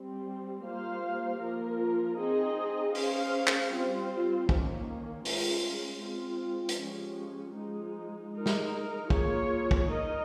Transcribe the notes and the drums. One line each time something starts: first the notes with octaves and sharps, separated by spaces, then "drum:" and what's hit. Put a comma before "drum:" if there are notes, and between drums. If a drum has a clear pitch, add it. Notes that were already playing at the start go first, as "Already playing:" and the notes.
Already playing: G3 C4 G4
G3 A#3 F4 C5 F5
F3 A#3 F4 A#4
C4 D#4 G#4 D#5
C#4 G#4 C5 F5, drum: open hi-hat
drum: clap
G3 C4 F4 C5
D#3 A#3 C#4, drum: kick
G#3 C#4 F4, drum: open hi-hat
G#3 C4 F4
drum: hi-hat
F3 G#3 C#4 G4
F3 G#3 D#4
G#3 D#4 A#4
drum: snare
A#3 F4 G#4 C#5, drum: kick
drum: kick
D#4 A#4 D#5